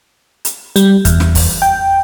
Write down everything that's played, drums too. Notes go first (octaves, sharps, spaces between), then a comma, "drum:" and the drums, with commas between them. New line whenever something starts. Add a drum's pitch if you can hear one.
drum: hi-hat
G3, drum: hi-hat
E2, drum: kick, hi-hat
drum: snare
drum: kick, open hi-hat
G5